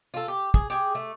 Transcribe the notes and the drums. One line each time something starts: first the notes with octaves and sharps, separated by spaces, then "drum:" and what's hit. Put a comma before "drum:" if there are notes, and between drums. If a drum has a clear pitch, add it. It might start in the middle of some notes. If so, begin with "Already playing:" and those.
F4 A4
G4
G#4, drum: kick
G4 G#4
A3